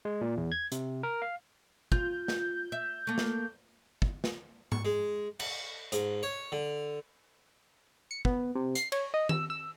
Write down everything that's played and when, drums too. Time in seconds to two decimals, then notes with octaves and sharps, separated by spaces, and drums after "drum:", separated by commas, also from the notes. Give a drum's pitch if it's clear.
0.05 G#3
0.21 A#2
0.37 E2
0.52 G#6
0.72 C3, drum: hi-hat
1.03 A#4
1.22 F5
1.92 F4 G6, drum: kick
2.28 drum: snare
2.72 E5
3.07 A3 A#3
3.18 drum: snare
4.02 drum: kick
4.24 drum: snare
4.72 C#6, drum: tom G#2
4.85 G#3
5.40 F#5, drum: cymbal
5.92 G#2, drum: hi-hat
6.23 C#5
6.52 D3
8.11 C#7
8.25 B3, drum: kick
8.55 C3
8.75 C7, drum: hi-hat
8.92 C#5, drum: cymbal
9.14 D#5
9.29 E6, drum: tom D#3
9.50 E6